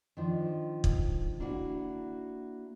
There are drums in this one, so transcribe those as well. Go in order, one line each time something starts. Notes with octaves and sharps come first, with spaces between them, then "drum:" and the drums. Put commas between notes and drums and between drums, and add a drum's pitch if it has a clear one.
D#3 F3 D4
drum: kick
A#3 D4 E4 F#4